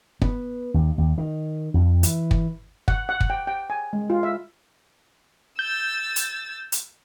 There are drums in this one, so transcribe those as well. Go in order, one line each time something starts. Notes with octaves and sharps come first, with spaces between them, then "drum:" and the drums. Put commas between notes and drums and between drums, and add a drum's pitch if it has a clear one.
B3, drum: kick
D#2
D#2
D#3
F2
E3, drum: hi-hat
drum: kick
F#5, drum: kick
F#5
drum: kick
G5
G5
G#5
G#3
F4
E5
E6 G6 A6
drum: hi-hat
drum: hi-hat